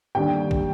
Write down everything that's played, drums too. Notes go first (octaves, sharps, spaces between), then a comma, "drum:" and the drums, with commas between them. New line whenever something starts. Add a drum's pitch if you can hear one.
D#2 D3 G3 D4 G5
drum: kick